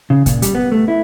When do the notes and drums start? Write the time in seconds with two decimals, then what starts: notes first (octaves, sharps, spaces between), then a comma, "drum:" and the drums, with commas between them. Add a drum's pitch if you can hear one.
0.10 C#3
0.26 A#2, drum: kick, hi-hat
0.42 G3, drum: hi-hat
0.55 B3
0.72 A3
0.88 E4